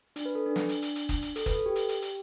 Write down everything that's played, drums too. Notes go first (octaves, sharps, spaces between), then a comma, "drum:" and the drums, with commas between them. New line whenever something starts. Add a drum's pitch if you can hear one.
D4, drum: hi-hat
B4
A4
D4
drum: snare
drum: hi-hat
drum: hi-hat
drum: hi-hat
drum: kick F#1, hi-hat
drum: hi-hat
A4, drum: hi-hat
B4, drum: kick F#1, hi-hat
A4
G4
drum: hi-hat
drum: hi-hat
drum: hi-hat